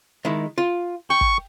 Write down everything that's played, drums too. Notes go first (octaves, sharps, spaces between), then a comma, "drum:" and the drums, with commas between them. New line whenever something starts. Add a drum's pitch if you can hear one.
D#3 G#3 E4
F4
G5 C#6
drum: kick